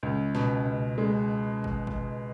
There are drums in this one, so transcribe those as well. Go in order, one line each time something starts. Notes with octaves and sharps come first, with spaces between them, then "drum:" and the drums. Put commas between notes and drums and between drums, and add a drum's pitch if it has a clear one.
C#2
B2, drum: snare
C#2
G#3
drum: kick G#1
drum: kick G#1